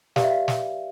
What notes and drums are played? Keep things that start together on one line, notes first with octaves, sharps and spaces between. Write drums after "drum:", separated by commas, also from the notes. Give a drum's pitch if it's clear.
G4 B4 D5 F5, drum: snare
E5
F5
drum: snare